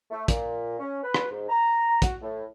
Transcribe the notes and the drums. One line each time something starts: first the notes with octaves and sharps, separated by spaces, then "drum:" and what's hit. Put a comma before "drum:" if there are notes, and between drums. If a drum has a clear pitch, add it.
A3
A#2, drum: kick, hi-hat
C#4
B4
drum: rim click
G#2
A#5
F#4, drum: kick, hi-hat
A2